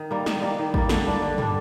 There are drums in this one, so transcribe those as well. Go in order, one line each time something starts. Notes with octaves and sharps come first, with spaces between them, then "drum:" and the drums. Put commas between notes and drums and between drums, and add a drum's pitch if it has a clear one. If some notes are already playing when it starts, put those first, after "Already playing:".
Already playing: D#3
G3 A#3
D#3, drum: snare
G3 A#3
D#3
G3 A#3, drum: kick A1
D3, drum: snare
G3 D4
D3
G3 D4, drum: tom